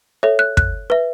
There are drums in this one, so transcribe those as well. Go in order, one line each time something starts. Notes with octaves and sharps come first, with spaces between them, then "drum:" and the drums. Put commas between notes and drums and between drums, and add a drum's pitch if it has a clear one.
A4 C#5 E5
F#6
F#6, drum: kick
B4 E5